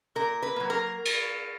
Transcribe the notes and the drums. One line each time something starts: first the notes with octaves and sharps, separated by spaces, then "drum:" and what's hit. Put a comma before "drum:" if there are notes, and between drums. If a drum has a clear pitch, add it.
A#2 A#4
B4
F#3 A#3
A#4
drum: cymbal